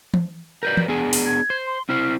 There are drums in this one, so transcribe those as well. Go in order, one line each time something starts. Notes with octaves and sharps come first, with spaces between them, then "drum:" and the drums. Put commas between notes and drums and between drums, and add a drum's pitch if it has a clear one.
drum: tom E3
A#4 B4 D5 G6
drum: tom E3
B3 D4 G#4 G#5
drum: open hi-hat
G#6
C5
C6
C4 E4 C5 F6